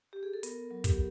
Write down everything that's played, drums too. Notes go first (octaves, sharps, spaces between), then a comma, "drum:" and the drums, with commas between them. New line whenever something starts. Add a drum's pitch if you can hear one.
G4
G#4
A4
B3 A#4, drum: hi-hat
F#3
G4, drum: kick, hi-hat